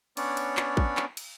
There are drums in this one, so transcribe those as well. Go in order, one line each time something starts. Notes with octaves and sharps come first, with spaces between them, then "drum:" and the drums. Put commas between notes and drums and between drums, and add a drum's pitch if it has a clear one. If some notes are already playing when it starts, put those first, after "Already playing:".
B3 C#4 D4 C#5 D5, drum: cymbal
drum: cymbal
drum: clap
drum: kick
drum: clap
drum: cymbal